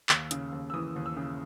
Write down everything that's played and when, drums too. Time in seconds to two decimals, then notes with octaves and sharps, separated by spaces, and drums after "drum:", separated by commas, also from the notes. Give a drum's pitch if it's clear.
0.09 D#2 E6, drum: clap
0.31 C#3, drum: hi-hat
0.53 D#2
0.70 E6
0.74 E3 D#6
0.96 D#2
1.06 E6
1.17 C#3